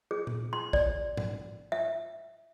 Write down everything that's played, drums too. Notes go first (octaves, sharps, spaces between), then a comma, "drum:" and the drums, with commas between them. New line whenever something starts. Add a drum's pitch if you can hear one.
G#4
drum: tom A#2
C6
D5, drum: kick A1
drum: tom G#2
E5